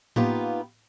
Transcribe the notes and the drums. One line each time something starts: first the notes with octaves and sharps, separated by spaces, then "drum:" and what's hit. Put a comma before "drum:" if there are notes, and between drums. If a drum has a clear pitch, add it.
A#3 B3 D#4 F4 G4 B4, drum: tom A2